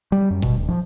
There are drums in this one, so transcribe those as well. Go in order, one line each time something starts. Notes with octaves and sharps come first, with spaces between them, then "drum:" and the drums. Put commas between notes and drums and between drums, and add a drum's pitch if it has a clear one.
G3
F#2
B2, drum: kick
D1
F3